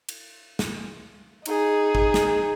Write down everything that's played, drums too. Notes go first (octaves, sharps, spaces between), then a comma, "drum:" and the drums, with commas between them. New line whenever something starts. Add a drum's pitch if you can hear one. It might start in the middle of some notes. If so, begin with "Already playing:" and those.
drum: cymbal
drum: snare
D#4 G#4, drum: cymbal
drum: kick
drum: snare